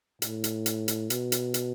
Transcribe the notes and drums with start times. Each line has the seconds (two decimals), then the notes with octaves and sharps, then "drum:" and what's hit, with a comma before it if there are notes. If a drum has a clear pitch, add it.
0.22 A2, drum: hi-hat
0.44 drum: hi-hat
0.66 drum: hi-hat
0.88 drum: hi-hat
1.10 B2, drum: hi-hat
1.32 drum: hi-hat
1.54 drum: hi-hat